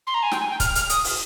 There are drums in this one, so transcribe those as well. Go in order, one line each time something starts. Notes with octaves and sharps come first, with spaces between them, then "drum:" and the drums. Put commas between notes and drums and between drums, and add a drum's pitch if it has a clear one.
C6
A#5
G#5
G5, drum: snare
G#5
G5
F6, drum: kick, hi-hat
F6, drum: hi-hat
D#6, drum: hi-hat
drum: open hi-hat